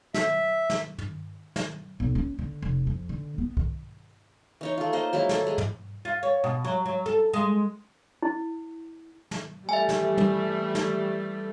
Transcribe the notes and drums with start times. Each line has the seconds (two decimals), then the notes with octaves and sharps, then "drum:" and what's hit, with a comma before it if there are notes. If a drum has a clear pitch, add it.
0.14 E5, drum: snare
0.70 drum: snare
0.98 drum: tom
1.56 drum: snare
2.00 B1
2.15 C#4
2.39 D3
2.62 F1
2.87 F2
3.09 D3
3.38 B3
3.57 drum: kick B1
4.61 E3 D#4 C#5
4.78 A3 F4
4.93 A#3 C5 D#5
5.13 F#3 G#3 A#3 E4
5.29 A4, drum: snare
5.47 G#3 G#4
5.58 drum: tom
6.05 F4
6.23 C#5
6.44 B2
6.64 F#3
6.86 F#3
7.06 A4
7.33 G#3
8.22 E4
9.31 drum: snare
9.69 E3 G3 A3 E5 G#5
9.89 drum: snare
10.17 drum: tom
10.75 drum: snare